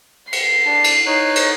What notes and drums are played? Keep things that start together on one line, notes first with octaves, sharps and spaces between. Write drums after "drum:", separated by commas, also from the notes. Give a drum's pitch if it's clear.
C7, drum: cymbal
D4 A5
drum: cymbal
D#4 C#5 F#6
drum: cymbal